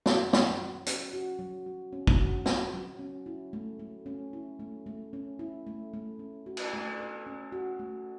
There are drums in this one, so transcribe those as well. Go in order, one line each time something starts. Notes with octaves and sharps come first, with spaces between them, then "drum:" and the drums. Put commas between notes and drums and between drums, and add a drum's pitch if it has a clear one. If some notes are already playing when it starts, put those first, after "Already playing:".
F#4, drum: snare
F#3, drum: snare
F#3
C#4, drum: hi-hat
F#4
F#3
F#3
C#4
drum: kick
F#4
F#3, drum: snare
F#3
C#4
E4
A3
A3
C#4
E4
A3
A3
C#4
E4
A3
A3
C#4
F#4
drum: cymbal
A3
B4
C#4
F#4
A3